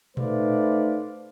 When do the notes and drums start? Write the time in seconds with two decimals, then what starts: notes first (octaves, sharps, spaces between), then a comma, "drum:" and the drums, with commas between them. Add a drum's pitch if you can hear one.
0.17 A3 D#4 B4 C5 D5 F5, drum: tom A#2